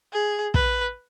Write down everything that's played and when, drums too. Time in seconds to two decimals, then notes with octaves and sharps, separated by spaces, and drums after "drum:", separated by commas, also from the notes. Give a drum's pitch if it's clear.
0.13 G#4
0.54 B4, drum: kick